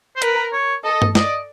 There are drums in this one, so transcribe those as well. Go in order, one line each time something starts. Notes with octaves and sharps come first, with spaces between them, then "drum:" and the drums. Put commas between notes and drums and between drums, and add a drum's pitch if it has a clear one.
C5
A#4 B4, drum: hi-hat
C#5
A4 D#5
drum: tom G2
D5 D#5, drum: snare